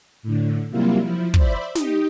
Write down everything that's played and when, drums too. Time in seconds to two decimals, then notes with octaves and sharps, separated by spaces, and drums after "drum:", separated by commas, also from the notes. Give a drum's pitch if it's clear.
0.23 A2 D3
0.70 C3 F#3 G3 A#3 E4 F4
1.02 F3 E4
1.34 C5 D5 E5 B5, drum: kick
1.75 D#4 G4 D#6, drum: snare